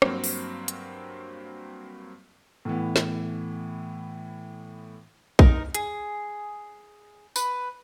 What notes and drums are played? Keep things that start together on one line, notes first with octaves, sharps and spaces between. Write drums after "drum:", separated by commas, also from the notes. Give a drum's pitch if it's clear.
G2 F#3 A#3 C4, drum: rim click
drum: open hi-hat
drum: hi-hat
A2 E3 B3
drum: snare
D#4 A#4, drum: kick
G#4, drum: hi-hat
B4, drum: tambourine